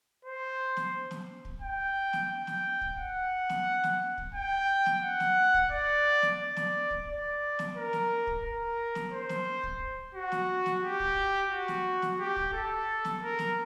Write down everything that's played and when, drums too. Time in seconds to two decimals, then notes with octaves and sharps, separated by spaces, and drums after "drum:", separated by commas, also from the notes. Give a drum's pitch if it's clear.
0.25 C5
0.77 drum: snare
1.11 drum: snare
1.45 drum: kick
1.62 G5
2.13 drum: snare
2.30 G5
2.47 drum: snare
2.81 drum: kick
2.98 F#5
3.49 drum: snare
3.84 drum: snare
4.18 drum: kick
4.35 G5
4.86 drum: snare
5.04 F#5
5.20 drum: snare
5.54 drum: kick
5.71 D5
6.22 drum: snare
6.39 D5
6.56 drum: snare
6.91 drum: kick
7.08 D5
7.59 drum: snare
7.76 A#4
7.93 drum: snare
8.27 drum: kick
8.44 A#4
8.95 drum: snare
9.12 C5
9.29 drum: snare
9.63 drum: kick
10.15 F#4
10.32 drum: snare
10.66 drum: snare
10.83 G4
11.00 drum: kick
11.50 F#4
11.68 drum: snare
12.02 drum: snare
12.19 G4
12.36 drum: kick
12.53 A4
13.05 drum: snare
13.21 A#4
13.39 drum: snare